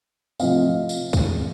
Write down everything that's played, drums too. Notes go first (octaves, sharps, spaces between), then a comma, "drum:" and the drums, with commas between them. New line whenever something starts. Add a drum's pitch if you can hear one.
C3 F3 A3 C4 D#5 F5, drum: tambourine
drum: tambourine
C3 E3 G#3, drum: kick, tambourine